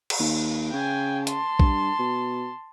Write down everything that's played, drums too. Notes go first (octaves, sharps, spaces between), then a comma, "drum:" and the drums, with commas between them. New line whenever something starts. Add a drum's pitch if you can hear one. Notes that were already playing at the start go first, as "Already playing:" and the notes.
drum: cymbal
D#2
C#3 G5 G#5
A5 C6, drum: hi-hat
G2, drum: kick A#1
B2